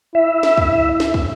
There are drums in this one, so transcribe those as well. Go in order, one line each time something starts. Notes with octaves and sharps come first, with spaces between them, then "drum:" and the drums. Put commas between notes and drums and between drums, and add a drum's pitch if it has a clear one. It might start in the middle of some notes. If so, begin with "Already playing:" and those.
E4 E5
drum: snare
drum: kick
drum: snare
drum: kick